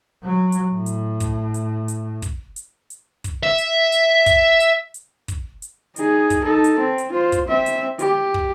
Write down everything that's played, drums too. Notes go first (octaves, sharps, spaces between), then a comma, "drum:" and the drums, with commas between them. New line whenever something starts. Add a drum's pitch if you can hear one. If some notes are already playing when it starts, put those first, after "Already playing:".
F#3
drum: hi-hat
A2
drum: hi-hat
drum: kick, hi-hat
drum: hi-hat
drum: hi-hat
drum: kick, hi-hat
drum: hi-hat
drum: hi-hat
drum: kick, hi-hat
E5
drum: hi-hat
drum: hi-hat
drum: kick, hi-hat
drum: hi-hat
drum: hi-hat
drum: kick, hi-hat
drum: hi-hat
D#4 G#4, drum: hi-hat
drum: kick, hi-hat
D#4 A4
drum: hi-hat
C4
drum: hi-hat
F4 C5
drum: kick, hi-hat
C4 E5
drum: hi-hat
G4, drum: hi-hat
drum: kick